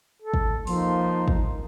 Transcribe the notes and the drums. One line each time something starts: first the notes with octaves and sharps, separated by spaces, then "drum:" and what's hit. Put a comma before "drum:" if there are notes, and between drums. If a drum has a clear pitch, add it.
A4
drum: kick
F3 A#3 D#4 C6, drum: open hi-hat
drum: kick